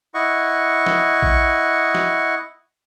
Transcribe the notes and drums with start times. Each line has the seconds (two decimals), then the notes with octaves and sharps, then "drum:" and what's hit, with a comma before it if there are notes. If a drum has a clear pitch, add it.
0.14 E4 D#5 F#5 C#6
0.86 drum: snare
1.22 drum: kick A1
1.95 drum: snare